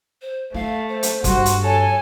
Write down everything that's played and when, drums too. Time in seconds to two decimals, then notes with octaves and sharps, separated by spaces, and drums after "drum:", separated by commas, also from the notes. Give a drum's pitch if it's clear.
0.22 C5
0.54 A3 F4 F5
0.89 C5
1.03 drum: hi-hat
1.24 G2 D3 F#4 C6, drum: kick, hi-hat
1.46 drum: hi-hat
1.64 A4 C#5 G#5